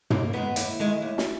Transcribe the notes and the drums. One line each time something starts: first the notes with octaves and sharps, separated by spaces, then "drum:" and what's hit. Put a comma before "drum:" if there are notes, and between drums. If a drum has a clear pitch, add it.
D#2 A#3, drum: tom
D#3 G#3 B3
D#2 E4, drum: hi-hat
D#3 G#3
D#2
drum: snare